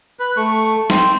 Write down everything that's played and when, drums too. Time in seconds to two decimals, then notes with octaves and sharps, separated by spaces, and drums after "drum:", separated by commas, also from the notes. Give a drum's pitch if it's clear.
0.19 B4
0.37 A3 C#6
0.90 C4 C5, drum: snare